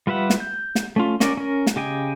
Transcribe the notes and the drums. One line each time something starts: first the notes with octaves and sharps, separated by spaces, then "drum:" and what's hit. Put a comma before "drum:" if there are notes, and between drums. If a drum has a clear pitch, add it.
G3 F4 B4 E5 F#5
drum: snare
G6
drum: snare
A3 C#4 F4
C#4 A#4 D5, drum: snare
C#4 A#4
drum: snare
C#3 G4 D#5 G5 G#5